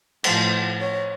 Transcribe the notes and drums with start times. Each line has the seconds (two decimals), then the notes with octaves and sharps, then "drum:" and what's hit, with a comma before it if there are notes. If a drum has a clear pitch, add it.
0.24 A2 F3 C5, drum: cymbal
0.80 C#5